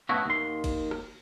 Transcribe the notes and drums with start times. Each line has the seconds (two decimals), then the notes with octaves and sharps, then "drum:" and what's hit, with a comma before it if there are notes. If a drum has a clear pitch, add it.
0.09 F#2 A2 A3 B3 E4 F#4
0.26 D#2 C6
0.64 drum: kick, cymbal
0.91 drum: rim click